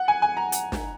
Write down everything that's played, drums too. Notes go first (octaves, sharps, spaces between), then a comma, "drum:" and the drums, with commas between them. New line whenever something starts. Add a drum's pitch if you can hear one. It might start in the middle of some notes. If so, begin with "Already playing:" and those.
Already playing: F#5
G#5
G#5
A#5
drum: hi-hat
drum: snare